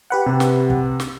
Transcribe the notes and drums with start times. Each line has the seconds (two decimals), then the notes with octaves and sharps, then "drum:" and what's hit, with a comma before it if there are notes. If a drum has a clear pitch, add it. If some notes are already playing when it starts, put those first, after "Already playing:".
0.10 G4 B4 F#5
0.26 C3
0.40 drum: snare
0.70 drum: kick
1.00 drum: snare